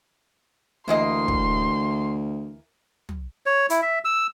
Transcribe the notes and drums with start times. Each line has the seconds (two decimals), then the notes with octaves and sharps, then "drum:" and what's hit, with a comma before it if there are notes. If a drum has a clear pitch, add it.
0.88 D2 E3 A#3 D#5 C6
1.28 drum: kick
3.09 drum: tom
3.46 C#5
3.70 E4, drum: hi-hat
3.82 E5
4.05 E6